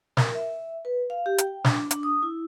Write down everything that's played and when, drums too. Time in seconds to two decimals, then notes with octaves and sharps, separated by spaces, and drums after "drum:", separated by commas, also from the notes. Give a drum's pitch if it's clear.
0.17 A#4, drum: snare
0.35 E5
0.85 B4
1.10 F5
1.26 G4
1.38 G5, drum: hi-hat
1.64 D4, drum: snare
1.91 D4, drum: hi-hat
2.03 D#6
2.23 E4